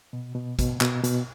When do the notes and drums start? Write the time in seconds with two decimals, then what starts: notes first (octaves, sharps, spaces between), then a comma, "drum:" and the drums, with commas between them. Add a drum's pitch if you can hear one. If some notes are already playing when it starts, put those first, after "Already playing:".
0.13 B2
0.35 B2
0.59 B2, drum: kick, hi-hat
0.81 B2, drum: clap
1.04 B2, drum: hi-hat